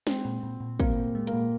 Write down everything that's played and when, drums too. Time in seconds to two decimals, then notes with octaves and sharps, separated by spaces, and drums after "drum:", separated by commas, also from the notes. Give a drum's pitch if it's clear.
0.07 G#3 C4, drum: snare
0.25 A#2
0.43 A#2
0.61 A#2
0.80 A#3 C4, drum: kick, hi-hat
0.96 A#2
1.15 G#3
1.27 A#3, drum: hi-hat
1.34 A#2